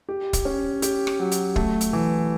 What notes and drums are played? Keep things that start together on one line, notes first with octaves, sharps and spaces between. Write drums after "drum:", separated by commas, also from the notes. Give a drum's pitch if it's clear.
G4
drum: kick, hi-hat
C#4
G4, drum: hi-hat
drum: rim click
F#3
drum: hi-hat
A3, drum: kick
drum: hi-hat
E3